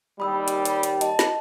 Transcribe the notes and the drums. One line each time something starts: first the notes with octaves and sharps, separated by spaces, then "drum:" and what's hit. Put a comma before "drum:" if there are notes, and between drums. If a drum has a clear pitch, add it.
D#2 G3 B5 D#6 E6
drum: hi-hat
drum: hi-hat
drum: hi-hat
D#5 A5, drum: hi-hat
drum: snare